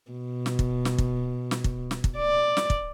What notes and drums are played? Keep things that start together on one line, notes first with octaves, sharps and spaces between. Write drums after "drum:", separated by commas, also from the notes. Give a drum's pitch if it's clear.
B2
drum: snare
drum: kick
drum: snare
drum: kick
drum: snare
drum: kick
drum: snare
drum: kick
D5
drum: snare
drum: kick